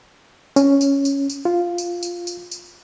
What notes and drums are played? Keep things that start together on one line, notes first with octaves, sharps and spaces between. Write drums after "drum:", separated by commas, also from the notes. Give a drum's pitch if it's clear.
C#4, drum: tambourine
drum: tambourine
drum: tambourine
drum: tambourine
F4
drum: tambourine
drum: tambourine
drum: tambourine
drum: tambourine